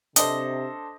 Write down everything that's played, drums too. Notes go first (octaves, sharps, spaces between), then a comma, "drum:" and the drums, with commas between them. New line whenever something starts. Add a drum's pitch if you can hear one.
C3 D4 A4 C5 D#5, drum: hi-hat